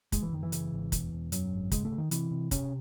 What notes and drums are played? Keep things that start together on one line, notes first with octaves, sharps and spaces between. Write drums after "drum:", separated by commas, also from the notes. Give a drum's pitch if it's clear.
F#1 G#3, drum: kick, hi-hat
E3
F#1 D#3
E3
C#3, drum: hi-hat
G#1
E1, drum: kick, hi-hat
E1
F#2 F#3, drum: hi-hat
G#1
C#3 G#3, drum: kick, hi-hat
A3
C#3
D#3
C3 E3, drum: hi-hat
C3
C3 C#4, drum: kick, hi-hat